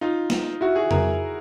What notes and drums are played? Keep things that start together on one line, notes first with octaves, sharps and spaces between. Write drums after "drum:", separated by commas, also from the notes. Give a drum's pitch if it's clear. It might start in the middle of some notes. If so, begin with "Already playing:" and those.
D#4 F4
drum: snare
E4 F#4
F#4 G#4
G#4 A#4, drum: tom F2